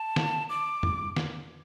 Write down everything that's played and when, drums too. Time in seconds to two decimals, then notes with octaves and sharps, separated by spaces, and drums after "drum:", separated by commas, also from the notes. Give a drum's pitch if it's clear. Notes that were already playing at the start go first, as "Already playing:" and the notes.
Already playing: A5
0.16 drum: snare
0.49 D6
0.83 drum: tom
1.16 drum: snare